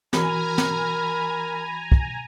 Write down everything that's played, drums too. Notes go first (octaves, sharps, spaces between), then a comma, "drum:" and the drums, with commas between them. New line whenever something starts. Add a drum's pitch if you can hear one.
E3 F#4 A#4 G#5 A#5 B5, drum: snare
drum: snare
drum: kick